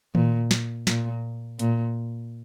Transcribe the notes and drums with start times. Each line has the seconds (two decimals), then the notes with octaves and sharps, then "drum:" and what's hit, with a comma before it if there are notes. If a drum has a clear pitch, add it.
0.15 A#2, drum: tom D#3
0.51 drum: snare
0.87 A#2, drum: snare
1.59 A#2, drum: hi-hat